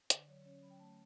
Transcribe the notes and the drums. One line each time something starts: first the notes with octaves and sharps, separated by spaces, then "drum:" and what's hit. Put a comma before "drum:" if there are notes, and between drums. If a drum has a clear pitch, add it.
D3 D5, drum: hi-hat
F#3 C#5
C#4 C#5
F#3 B5
G5
A3 A5